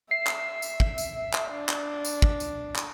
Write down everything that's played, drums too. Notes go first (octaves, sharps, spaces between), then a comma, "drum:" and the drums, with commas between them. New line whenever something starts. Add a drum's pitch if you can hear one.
E5 C7
drum: clap
drum: tambourine
drum: kick
drum: tambourine
drum: clap
D4
drum: clap
drum: tambourine
drum: kick
drum: tambourine
drum: clap